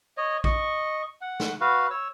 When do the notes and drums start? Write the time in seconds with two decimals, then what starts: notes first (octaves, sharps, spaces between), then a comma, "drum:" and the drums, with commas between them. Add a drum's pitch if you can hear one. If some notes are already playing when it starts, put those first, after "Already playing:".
0.17 C#5 D#5
0.44 D#5 C#6, drum: kick
1.21 F#5
1.40 drum: snare
1.61 F#4 B4 F5
1.90 C#5 E6